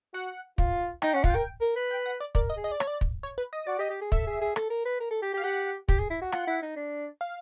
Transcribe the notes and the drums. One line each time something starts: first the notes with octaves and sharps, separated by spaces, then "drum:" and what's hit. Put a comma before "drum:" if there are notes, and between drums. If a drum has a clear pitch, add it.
F#4 F#5
F4, drum: kick
D#4 G5, drum: rim click
C#4 F#5
F4, drum: kick
A#4 G5
A#4
B4
G5
F#5
D5
A#4 D5, drum: kick
D#5
G#4
D#5
D5
C#5, drum: rim click
D5
drum: kick
C#5
B4
D#5
F#4 D5
G4 D#5
G4
G#4
A4 E5, drum: kick
G#4
G#4
A4, drum: rim click
A#4
B4
A#4
A4
G4
G4
F5
G4 F#5
G4, drum: kick
G#4
E4
F#4
F4 F#5, drum: rim click
E4
D#4
D4
F5